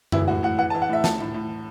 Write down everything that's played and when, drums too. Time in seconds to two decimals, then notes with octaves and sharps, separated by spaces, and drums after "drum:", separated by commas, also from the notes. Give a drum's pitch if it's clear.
0.12 E3 E4, drum: tom
0.28 A2 F#4
0.43 A2 F#5
0.58 E3 F#5
0.70 A5
0.74 E3
0.82 F#5
0.89 A2 E5
1.04 A2 A5, drum: snare
1.20 A2
1.34 A2